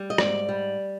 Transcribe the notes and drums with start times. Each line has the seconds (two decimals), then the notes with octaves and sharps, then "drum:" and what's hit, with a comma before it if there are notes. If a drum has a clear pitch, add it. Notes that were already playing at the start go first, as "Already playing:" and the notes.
Already playing: G3
0.10 D#5
0.18 G#2 D5, drum: rim click
0.49 G3